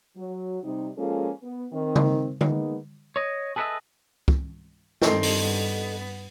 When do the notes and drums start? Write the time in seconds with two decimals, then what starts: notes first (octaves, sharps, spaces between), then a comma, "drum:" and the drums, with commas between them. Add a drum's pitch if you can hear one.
0.17 F#3
0.64 C3 G3 D#4
0.97 F3 G#3 A#3 C#4 F4 A4
1.43 B3
1.72 D#3 C4 D#4
1.96 drum: tom C#3
2.41 G#3 A#3 B3 D#4, drum: tom D3
3.16 C#5 D#5
3.56 G#4 A4 B4 C#5 D#5 E5
4.28 drum: kick
5.02 G2 D#3 C4 A4 D#5 C6, drum: snare
5.23 drum: open hi-hat
5.38 B3